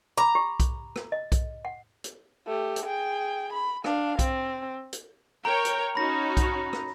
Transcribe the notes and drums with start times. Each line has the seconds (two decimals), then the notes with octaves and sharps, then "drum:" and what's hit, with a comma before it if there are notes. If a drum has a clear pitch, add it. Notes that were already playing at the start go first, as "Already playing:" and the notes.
0.18 A#5 B5 D6
0.35 G4
0.60 drum: kick B1, hi-hat
0.96 drum: rim click
1.12 D#5
1.32 drum: kick B1, hi-hat
1.65 F#5
2.04 drum: hi-hat
2.47 A3 G4
2.76 drum: hi-hat
2.86 G#4 G5
3.53 B5
3.84 D4 F5, drum: rim click
4.19 C4, drum: kick B1, hi-hat
4.93 drum: hi-hat
5.45 A#4 C#5 G5 A#5
5.65 drum: hi-hat
5.95 C#4 D#4 F#4 B5 A#6
6.37 drum: kick B1, hi-hat
6.73 drum: rim click